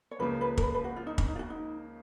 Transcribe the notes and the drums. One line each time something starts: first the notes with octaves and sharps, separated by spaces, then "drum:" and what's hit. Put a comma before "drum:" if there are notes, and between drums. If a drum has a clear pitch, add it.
C#5
C#2 C#3 F3 A#3 B4
B4
A#4, drum: kick
B4
B4
F#4
F4
D#4
C#4, drum: kick
D#4
F4
F#4
D#4